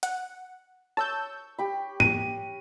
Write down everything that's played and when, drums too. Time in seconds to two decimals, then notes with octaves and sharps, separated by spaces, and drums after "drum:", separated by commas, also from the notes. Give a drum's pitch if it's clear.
0.03 F#5, drum: hi-hat
0.97 C#5 A5 C#6 E6 G6
1.58 G4 B5
2.00 D#7, drum: tom G#2